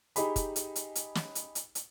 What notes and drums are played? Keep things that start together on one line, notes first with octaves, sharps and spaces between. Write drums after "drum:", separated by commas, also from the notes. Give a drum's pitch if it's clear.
D#4 G4 G#4 B5, drum: hi-hat
drum: kick, hi-hat
drum: hi-hat
drum: hi-hat
drum: hi-hat
drum: snare
drum: hi-hat
drum: hi-hat
drum: hi-hat